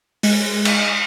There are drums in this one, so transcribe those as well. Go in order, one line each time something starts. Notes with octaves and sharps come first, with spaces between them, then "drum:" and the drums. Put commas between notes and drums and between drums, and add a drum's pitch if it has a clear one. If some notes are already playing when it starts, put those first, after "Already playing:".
G#3, drum: open hi-hat
drum: cymbal